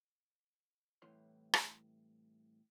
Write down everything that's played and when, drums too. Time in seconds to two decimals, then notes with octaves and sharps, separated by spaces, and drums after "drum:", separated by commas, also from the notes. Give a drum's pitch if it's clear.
1.02 C2 A2 C3 E3 C#5 C6
1.54 drum: rim click